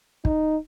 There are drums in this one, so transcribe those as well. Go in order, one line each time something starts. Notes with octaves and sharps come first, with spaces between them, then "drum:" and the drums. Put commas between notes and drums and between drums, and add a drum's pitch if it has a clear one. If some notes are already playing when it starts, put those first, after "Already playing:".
D#4, drum: kick